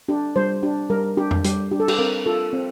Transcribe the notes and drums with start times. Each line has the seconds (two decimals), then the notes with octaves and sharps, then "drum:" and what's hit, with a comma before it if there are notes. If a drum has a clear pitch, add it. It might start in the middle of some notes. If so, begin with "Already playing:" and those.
0.08 D4 G4
0.36 G3 C5
0.63 D4 G4
0.90 G3 A#4
1.17 D4 G4
1.31 drum: tom F2
1.44 G3 G4, drum: hi-hat
1.72 D4 G4
1.80 A4
1.88 G4, drum: cymbal
1.99 C4 A#4
2.26 F4 A4
2.53 C4